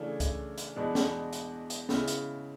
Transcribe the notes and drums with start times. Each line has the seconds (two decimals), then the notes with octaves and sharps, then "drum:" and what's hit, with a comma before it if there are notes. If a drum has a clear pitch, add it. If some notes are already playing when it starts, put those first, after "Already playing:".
Already playing: C#3 E3 A3 D4
0.20 drum: kick C2, hi-hat
0.58 drum: hi-hat
0.76 E2 B2 G#3 B3 D4
0.95 drum: snare
1.33 drum: hi-hat
1.70 drum: hi-hat
1.89 C#3 G#3 B3 E4, drum: snare
2.08 drum: hi-hat